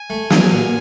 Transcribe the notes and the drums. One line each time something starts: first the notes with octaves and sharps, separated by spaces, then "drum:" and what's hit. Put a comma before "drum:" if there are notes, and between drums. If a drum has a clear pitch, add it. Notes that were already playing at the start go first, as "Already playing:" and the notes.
Already playing: G#5
A3
F#3, drum: snare
A#2